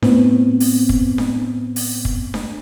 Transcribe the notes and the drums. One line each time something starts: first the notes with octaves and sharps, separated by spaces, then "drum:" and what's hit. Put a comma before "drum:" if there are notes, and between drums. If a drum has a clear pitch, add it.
A2 B3 C4, drum: snare D4
drum: open hi-hat
drum: kick
drum: snare D4
drum: open hi-hat
drum: kick
drum: snare D4